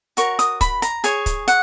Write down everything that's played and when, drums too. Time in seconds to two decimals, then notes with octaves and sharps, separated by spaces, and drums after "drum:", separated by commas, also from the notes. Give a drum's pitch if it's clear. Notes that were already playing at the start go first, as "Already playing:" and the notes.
0.17 F#4 A#4 C#5 C#6, drum: hi-hat
0.39 D#6, drum: hi-hat
0.61 B5, drum: kick, hi-hat
0.82 A#5, drum: hi-hat
1.04 G#4 C#5 G#5, drum: hi-hat
1.26 drum: kick, hi-hat
1.48 F#5, drum: hi-hat